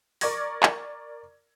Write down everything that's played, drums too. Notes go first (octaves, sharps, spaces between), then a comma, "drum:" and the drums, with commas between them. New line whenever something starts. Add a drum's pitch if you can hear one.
A#4 D5 C#6 D6 G#6 A#6, drum: open hi-hat
drum: clap